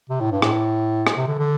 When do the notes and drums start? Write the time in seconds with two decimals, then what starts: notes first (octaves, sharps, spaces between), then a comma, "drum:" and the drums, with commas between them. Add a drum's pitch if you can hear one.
0.10 C3
0.21 A2
0.32 G2
0.42 A2, drum: rim click
1.07 drum: rim click
1.17 C3
1.27 D3
1.39 D3